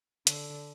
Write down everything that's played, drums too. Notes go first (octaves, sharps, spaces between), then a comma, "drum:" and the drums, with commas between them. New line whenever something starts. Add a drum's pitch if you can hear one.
D3, drum: hi-hat